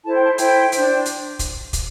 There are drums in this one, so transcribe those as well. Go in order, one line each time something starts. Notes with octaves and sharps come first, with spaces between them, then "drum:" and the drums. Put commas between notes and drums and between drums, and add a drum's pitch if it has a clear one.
E4 A4 C5 A5
G5
A5
E4 C5 G5, drum: hi-hat
D4 C5, drum: hi-hat
drum: hi-hat
drum: kick, hi-hat
drum: kick, hi-hat